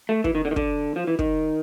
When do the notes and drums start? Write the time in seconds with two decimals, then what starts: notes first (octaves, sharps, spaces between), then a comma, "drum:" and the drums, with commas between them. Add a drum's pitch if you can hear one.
0.09 A3
0.24 E3, drum: kick
0.35 D#3
0.45 D3
0.51 D#3
0.56 D3, drum: kick
0.96 F3
1.07 E3
1.19 D#3, drum: kick